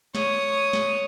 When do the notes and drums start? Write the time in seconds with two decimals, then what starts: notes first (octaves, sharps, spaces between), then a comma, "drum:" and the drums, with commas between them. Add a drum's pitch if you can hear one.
0.15 C#5 D#6, drum: snare
0.73 drum: snare